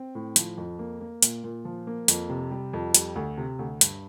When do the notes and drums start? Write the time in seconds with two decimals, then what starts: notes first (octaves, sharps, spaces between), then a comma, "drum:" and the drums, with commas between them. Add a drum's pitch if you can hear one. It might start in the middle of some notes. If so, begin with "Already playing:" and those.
Already playing: C4
0.15 A2
0.36 F3, drum: hi-hat
0.57 F2
0.79 A#3
1.01 A#3
1.22 A#2, drum: hi-hat
1.44 A#2
1.65 F3
1.87 A#3
2.08 F2, drum: hi-hat
2.29 C3
2.51 G3
2.73 F2
2.94 G3, drum: hi-hat
3.16 D2
3.38 C3
3.59 D2
3.81 G2, drum: hi-hat